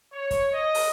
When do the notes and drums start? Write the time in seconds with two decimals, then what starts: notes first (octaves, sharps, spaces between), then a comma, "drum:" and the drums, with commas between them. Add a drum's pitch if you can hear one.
0.12 C#5
0.31 drum: kick, hi-hat
0.53 D#5
0.75 drum: open hi-hat